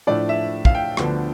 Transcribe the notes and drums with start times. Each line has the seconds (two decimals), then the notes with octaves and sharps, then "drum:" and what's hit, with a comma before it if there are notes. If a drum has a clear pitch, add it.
0.07 A2 F3 A3 D4 D5
0.29 E5
0.65 F5, drum: kick
0.75 G5
0.97 D2 D3 F3 B3 D4, drum: rim click